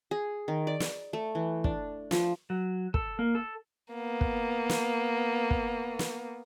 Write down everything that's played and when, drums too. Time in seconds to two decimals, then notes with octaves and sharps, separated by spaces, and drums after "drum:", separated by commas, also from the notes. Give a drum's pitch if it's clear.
0.11 G#4
0.48 D#3
0.67 D5
0.80 drum: snare
1.13 A3
1.35 E3
1.64 D4, drum: kick
2.11 F3, drum: snare
2.50 F#3
2.94 A4, drum: kick
3.19 A#3
3.35 A4
3.94 A#3 B3
4.21 drum: kick
4.69 drum: snare
5.51 drum: kick
5.99 drum: snare